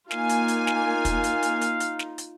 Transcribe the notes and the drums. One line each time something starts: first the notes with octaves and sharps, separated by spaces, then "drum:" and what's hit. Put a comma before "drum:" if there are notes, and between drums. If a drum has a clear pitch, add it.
A#3 D#4 F4 F5 G#5, drum: snare
drum: hi-hat
drum: hi-hat
drum: snare
drum: kick, hi-hat
drum: hi-hat
drum: hi-hat
drum: hi-hat
drum: hi-hat
drum: snare
drum: hi-hat